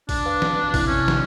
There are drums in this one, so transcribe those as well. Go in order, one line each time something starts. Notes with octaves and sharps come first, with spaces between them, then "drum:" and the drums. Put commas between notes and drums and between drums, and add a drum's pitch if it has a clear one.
D4, drum: kick A1, open hi-hat
B4 F5
drum: snare
A1 C3 E4, drum: kick A1, open hi-hat
C#4
drum: snare